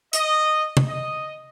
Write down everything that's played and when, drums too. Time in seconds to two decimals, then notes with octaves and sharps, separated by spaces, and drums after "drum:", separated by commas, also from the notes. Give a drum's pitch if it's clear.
0.13 D#5, drum: hi-hat
0.77 drum: tom
0.87 D#5